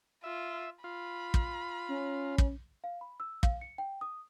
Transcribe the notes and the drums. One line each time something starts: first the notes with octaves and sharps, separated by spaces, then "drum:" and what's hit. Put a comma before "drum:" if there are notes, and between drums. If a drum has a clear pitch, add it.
F4 E5
F4 B5
drum: kick
C#4
drum: kick
F5
B5
E6
F5, drum: kick
C#7
G5
D#6